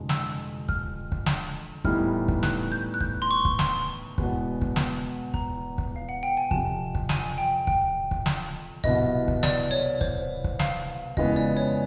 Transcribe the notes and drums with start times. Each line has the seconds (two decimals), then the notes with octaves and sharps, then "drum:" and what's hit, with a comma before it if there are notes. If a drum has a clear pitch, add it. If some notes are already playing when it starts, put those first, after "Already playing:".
Already playing: G1 F2 C3 E3 G#3
0.09 E6, drum: snare
0.69 F6, drum: kick
1.12 drum: kick
1.26 drum: snare
1.84 A2 E3 G3 B3 D#4 F6, drum: kick
2.28 drum: kick
2.43 F#6, drum: snare
2.72 G6
2.94 F#6
3.01 G6, drum: kick
3.22 C6
3.31 C#6
3.45 drum: kick
3.59 C6, drum: snare
4.18 E2 B2 G#3 B3, drum: kick
4.61 drum: kick
4.76 drum: snare
5.34 A#5, drum: kick
5.78 drum: kick
5.96 F5
6.09 F#5
6.23 G5
6.37 G#5
6.51 F2 C3 F3 A5, drum: kick
6.95 drum: kick
7.09 G#5, drum: snare
7.38 G5
7.67 G5, drum: kick
8.11 drum: kick
8.26 drum: snare
8.84 C2 B2 F#3 B3 E4 D#5, drum: kick
9.28 drum: kick
9.43 D5, drum: snare
9.71 C#5
10.01 C5, drum: kick
10.44 drum: kick
10.59 F5, drum: snare
11.17 F2 C#3 E3 G#3 B3 D#5, drum: kick
11.36 D5
11.57 C#5